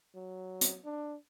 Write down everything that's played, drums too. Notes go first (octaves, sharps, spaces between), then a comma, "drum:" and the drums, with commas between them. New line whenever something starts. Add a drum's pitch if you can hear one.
F#3
drum: hi-hat
D4